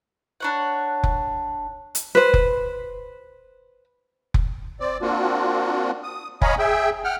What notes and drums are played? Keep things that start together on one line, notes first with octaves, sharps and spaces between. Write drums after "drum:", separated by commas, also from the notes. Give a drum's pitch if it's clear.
D4 C#5 F#5
drum: kick F1
drum: hi-hat
B4 C5
drum: kick F1
drum: kick F1
C4 D5
A#3 C4 D4 F4 F#4
D#6
C#5 D#5 F5 G#5 A#5 B5, drum: kick F1
G#4 E5 G5
F#5 G5 F6